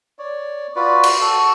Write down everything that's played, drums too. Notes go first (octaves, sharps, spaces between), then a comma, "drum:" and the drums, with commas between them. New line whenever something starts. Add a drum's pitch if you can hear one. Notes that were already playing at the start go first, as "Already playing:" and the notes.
C#5 D5
F4 F#4 B4 D5
drum: cymbal
F#4 A4